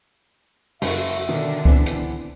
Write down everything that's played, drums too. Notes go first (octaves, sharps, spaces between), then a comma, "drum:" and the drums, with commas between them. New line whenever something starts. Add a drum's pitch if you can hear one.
F#1 F#4 E5, drum: open hi-hat
B2 D3 D#3 D4 A#4
E3 B3 C4, drum: kick C#2
drum: hi-hat